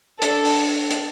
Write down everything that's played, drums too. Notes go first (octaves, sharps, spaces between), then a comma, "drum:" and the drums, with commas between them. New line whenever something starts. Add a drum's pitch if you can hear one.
D4 A4, drum: hi-hat
drum: open hi-hat
drum: hi-hat